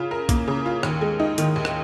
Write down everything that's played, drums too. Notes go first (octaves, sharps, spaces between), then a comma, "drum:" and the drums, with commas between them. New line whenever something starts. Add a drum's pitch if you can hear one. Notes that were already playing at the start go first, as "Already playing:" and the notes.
Already playing: C#3 F4
A#4
A#3, drum: kick A#1, hi-hat
C#3
F4
D#2, drum: rim click
G#3
D#4
D#3, drum: hi-hat
D#2
drum: rim click